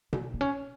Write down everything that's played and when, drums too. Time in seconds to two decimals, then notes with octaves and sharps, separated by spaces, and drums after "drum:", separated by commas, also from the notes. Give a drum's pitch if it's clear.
0.13 G#3, drum: tom B2
0.34 A#3
0.41 C#4